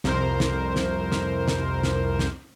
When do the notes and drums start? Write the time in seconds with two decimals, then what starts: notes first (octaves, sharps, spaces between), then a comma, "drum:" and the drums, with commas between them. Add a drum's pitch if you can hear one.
0.04 C2 F2 A#4 C5, drum: snare
0.40 drum: snare
0.76 drum: snare
1.12 drum: snare
1.48 drum: snare
1.83 drum: snare
2.19 drum: snare